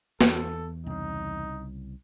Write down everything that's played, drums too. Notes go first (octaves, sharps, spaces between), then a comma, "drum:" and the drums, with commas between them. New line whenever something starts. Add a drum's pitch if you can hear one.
E2 A4, drum: snare
C2 C#3 D#4